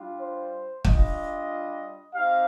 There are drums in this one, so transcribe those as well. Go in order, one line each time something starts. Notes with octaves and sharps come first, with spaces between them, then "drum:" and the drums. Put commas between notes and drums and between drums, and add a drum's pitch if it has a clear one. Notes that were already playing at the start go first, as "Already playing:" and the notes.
Already playing: G3 D4 F4
C5
G3 D4 F4 D#5, drum: kick
C4 D#4 G4 F5